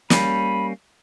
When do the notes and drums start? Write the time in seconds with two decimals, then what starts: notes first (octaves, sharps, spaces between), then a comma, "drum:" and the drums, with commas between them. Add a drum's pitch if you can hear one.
0.10 G3 A#3 C#4 B5, drum: snare